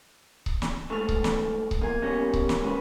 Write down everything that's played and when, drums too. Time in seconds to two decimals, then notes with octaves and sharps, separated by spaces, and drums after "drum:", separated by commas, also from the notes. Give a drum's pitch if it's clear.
0.46 drum: kick C#1
0.62 drum: snare
0.90 G2 G#3 A3 C#6 F6 A6
1.09 drum: kick C#1
1.24 drum: snare
1.71 drum: kick C#1
1.81 E2 A#3 G#5
2.02 B2 G3 C#4 G6 A#6 C#7
2.33 drum: kick C#1
2.49 drum: snare
2.62 G#3 C#4 B4